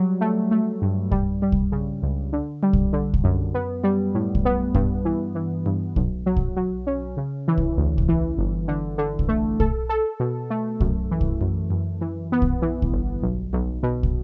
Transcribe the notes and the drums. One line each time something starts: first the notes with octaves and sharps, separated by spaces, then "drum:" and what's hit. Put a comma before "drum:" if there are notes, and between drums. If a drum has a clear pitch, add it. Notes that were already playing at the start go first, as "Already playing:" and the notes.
Already playing: F#3 G3
A3
A3
G2
G3, drum: kick
G3
drum: kick
C#3
C#2
D3
G3
drum: kick
D3
drum: kick
F#2
B3
G3
A2
drum: kick
B3
G2, drum: kick
E3
E3
G2
B1, drum: kick
F#3
drum: kick
F#3
C#4
C#3
E3
drum: kick
D2
drum: kick
E3
G1
D3
D3
drum: kick
A3
A4, drum: kick
A4
B2
A3
F#2, drum: kick
E3
drum: kick
F#2
F#2
E3
B3
drum: kick
E3
drum: kick
G1
B1
B1
B2
drum: kick